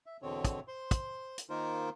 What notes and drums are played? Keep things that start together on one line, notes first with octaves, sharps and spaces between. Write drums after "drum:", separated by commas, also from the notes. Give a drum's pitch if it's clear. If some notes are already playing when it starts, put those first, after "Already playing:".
E5
E2 B2 D3 C4 C#5
drum: kick, hi-hat
C5 C6
drum: kick, hi-hat
drum: hi-hat
D#3 A#3 D#4 F4 A#4 C5